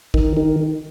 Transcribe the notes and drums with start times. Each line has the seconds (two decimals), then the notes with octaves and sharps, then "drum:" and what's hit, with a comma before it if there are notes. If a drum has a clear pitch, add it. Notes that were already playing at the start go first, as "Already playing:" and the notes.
0.14 D#3, drum: kick
0.37 D#3